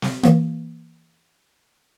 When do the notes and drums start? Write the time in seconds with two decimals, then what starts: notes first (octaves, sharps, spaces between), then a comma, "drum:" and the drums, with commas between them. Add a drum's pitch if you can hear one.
0.02 drum: snare
0.23 E3 A#3, drum: rim click